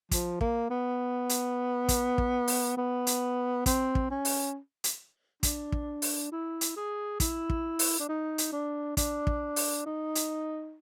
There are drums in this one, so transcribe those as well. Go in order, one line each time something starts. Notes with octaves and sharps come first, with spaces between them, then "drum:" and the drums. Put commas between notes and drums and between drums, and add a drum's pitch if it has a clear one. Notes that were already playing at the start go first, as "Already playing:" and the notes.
F3, drum: kick, hi-hat
A#3, drum: kick
B3
drum: hi-hat
drum: kick, hi-hat
drum: kick
drum: open hi-hat
B3
drum: hi-hat
C4, drum: kick, hi-hat
drum: kick
C#4
drum: open hi-hat
drum: hi-hat
D4, drum: kick, hi-hat
drum: kick
drum: open hi-hat
E4
drum: hi-hat
G#4
E4, drum: kick, hi-hat
drum: kick
drum: open hi-hat
D4
D#4
drum: hi-hat
D4
D4, drum: kick, hi-hat
drum: kick
drum: open hi-hat
D#4
drum: hi-hat